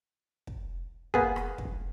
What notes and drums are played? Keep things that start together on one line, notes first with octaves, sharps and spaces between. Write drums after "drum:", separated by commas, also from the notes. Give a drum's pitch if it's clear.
drum: kick
A#3 B3 G#4, drum: kick
drum: rim click
drum: kick